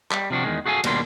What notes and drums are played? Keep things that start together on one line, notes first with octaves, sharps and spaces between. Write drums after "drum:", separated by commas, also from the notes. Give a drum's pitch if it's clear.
G3, drum: clap
C3 F3 D4 F#4
E2 D#3 G#3
F#4 G#4 A4 F5 G#5
D#2 B2 G3 A#3 D4 C6, drum: cymbal